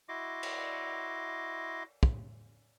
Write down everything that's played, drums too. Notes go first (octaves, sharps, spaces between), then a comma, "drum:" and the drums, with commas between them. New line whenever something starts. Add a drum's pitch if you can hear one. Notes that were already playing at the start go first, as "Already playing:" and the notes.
E4 F#4 D#5 C6 D6
drum: cymbal
drum: kick